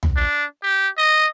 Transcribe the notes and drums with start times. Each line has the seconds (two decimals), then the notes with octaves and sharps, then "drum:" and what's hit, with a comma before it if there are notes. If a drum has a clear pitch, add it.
0.03 drum: tom
0.16 D4
0.63 G4
0.98 D#5